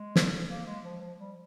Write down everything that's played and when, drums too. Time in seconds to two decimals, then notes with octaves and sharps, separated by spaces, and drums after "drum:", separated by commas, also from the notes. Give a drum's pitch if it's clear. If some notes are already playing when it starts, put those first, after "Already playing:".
Already playing: G#3
0.16 drum: snare
0.49 A#3
0.67 G#3
0.84 F3
1.01 F3
1.19 G3